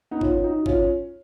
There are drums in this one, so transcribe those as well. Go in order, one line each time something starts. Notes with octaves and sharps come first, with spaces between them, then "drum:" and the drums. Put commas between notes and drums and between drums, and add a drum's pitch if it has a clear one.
B3 D#4
C#4 F4, drum: kick G#1
D#4 F#4
C#4 F4, drum: kick G#1